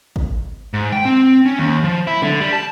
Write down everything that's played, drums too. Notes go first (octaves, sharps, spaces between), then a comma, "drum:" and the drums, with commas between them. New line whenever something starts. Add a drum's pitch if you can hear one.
drum: kick
G#2
G5
C4
C#4
D#2
F3
E4
D3, drum: tom
G3
A5